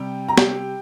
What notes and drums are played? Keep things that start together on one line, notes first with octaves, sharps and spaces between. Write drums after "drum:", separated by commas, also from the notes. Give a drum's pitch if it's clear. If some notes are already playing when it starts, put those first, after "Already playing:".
Already playing: C3 G3 G4 G5
A#5
G4 G5, drum: snare